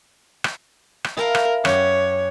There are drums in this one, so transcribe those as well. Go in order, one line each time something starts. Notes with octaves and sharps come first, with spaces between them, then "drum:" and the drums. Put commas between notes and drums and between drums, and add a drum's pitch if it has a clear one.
drum: rim click
drum: rim click
E4 A4 A#4 F5
drum: rim click
F#2 F#4 G4 C#5, drum: rim click